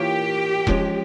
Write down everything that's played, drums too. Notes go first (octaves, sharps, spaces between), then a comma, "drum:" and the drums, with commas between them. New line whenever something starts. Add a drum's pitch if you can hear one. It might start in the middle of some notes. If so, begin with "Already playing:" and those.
Already playing: E3 A#3 F4 G4 A#4 C#5
F3 G#3 C#4, drum: kick E1